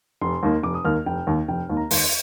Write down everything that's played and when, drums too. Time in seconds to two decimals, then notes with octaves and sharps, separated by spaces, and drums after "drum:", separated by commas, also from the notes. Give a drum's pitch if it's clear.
0.21 F1 C6
0.43 D#2 D#3 A#3
0.63 F1 D6
0.74 D#6
0.85 D#2 D#3 A#3 F6
1.06 F1 G5
1.27 D#2 D#3 A#3
1.48 F1 G5
1.70 D#2 D#3 A#3
1.77 A#5
1.91 D#2 C6, drum: open hi-hat